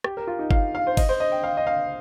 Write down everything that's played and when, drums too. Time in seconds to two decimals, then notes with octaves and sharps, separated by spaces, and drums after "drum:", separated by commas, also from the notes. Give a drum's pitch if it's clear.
0.04 G4, drum: rim click
0.17 A#4
0.27 F4
0.39 D#4
0.51 F5, drum: kick G1
0.75 F5
0.87 C5
0.97 D#5, drum: kick G1, cymbal
1.09 C5
1.20 D#5
1.32 G5
1.44 F5
1.57 D#5
1.67 F5